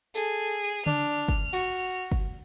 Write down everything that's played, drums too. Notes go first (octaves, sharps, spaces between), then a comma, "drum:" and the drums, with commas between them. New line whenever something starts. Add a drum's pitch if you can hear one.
G#4 A4, drum: tambourine
D4 F6, drum: tom C#3
drum: kick
F#4, drum: cymbal
drum: kick